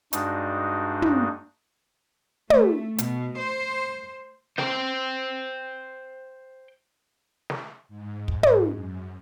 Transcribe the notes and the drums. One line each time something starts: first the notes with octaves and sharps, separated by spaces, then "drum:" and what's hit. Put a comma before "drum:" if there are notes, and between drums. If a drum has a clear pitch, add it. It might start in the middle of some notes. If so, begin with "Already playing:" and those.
G2 G#3 D4 D#4 F#4, drum: hi-hat
drum: tom
A3, drum: tom
B2, drum: hi-hat
C5
C5 G5, drum: snare
drum: snare
G#2
G#2, drum: kick
drum: tom
F#2